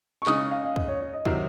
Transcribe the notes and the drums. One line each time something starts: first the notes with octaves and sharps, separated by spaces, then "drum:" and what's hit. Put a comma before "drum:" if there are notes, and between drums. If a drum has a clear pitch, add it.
C#6
C#3 G#3 D#4 D#6, drum: clap
C#6
F5
F5
D#5, drum: kick
C#5
C#5
D#5
C3 D#3 F#3 C4 D#4, drum: kick